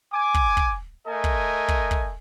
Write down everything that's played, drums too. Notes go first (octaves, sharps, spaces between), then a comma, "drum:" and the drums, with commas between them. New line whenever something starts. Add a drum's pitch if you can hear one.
G#5 D6
drum: kick
drum: kick
A3 A#4 D#5 G#5
drum: kick
drum: kick
drum: kick